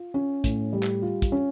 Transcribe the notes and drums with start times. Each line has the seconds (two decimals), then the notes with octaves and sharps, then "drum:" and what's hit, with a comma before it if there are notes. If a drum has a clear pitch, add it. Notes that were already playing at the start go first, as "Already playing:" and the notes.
Already playing: F4
0.14 C#4
0.44 A2, drum: kick, hi-hat
0.73 G3
0.83 drum: clap
1.02 F4
1.22 drum: kick, hi-hat
1.32 C#4